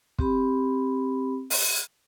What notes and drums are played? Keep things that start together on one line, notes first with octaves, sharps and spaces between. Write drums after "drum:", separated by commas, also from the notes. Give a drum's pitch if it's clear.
C4 G4 B5, drum: kick
drum: open hi-hat